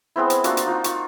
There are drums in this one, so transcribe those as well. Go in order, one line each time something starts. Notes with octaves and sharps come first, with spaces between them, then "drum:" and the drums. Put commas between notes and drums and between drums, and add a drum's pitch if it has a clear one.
G#3 B3 C4 E4
drum: hi-hat
A#3 D4 F4 F#4, drum: hi-hat
drum: hi-hat
D#4 F4 F#4
C#6, drum: hi-hat